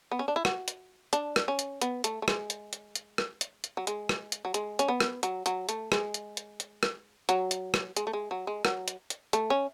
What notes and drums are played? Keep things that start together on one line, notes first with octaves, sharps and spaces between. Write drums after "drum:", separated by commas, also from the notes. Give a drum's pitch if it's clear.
B3
C#4
D4
E4
F#4, drum: rim click
drum: hi-hat
D4, drum: hi-hat
drum: rim click
C#4
drum: hi-hat
B3, drum: hi-hat
A3, drum: hi-hat
A3
G#3, drum: rim click
drum: hi-hat
drum: hi-hat
drum: hi-hat
drum: rim click
drum: hi-hat
drum: hi-hat
F#3
G#3, drum: hi-hat
drum: rim click
drum: hi-hat
F#3
G#3, drum: hi-hat
C#4, drum: hi-hat
B3
drum: rim click
F#3, drum: hi-hat
F#3, drum: hi-hat
A3, drum: hi-hat
G#3, drum: rim click
drum: hi-hat
drum: hi-hat
drum: hi-hat
drum: rim click
F#3, drum: hi-hat
drum: hi-hat
drum: rim click
G#3, drum: hi-hat
A3
G#3
F#3
G#3
F#3, drum: rim click
drum: hi-hat
drum: hi-hat
A3, drum: hi-hat
C#4